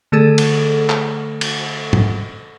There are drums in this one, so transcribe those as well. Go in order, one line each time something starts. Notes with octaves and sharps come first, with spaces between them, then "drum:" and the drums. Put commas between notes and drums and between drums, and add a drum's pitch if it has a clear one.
D3 A3 G#4 A4
drum: cymbal
drum: clap
drum: cymbal
drum: tom